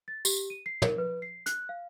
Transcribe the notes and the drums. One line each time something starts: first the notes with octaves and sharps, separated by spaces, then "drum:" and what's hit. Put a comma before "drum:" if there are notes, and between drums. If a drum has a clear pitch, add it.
A6
G4, drum: tambourine
D#7
C7
A#4, drum: tom
B4
C7
F#6, drum: hi-hat
F5